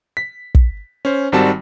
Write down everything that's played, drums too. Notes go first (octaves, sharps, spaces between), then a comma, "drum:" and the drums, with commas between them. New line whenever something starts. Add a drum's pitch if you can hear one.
B6
drum: kick
C#4 C5
G#1 D#3 G3 C4 F#4 A5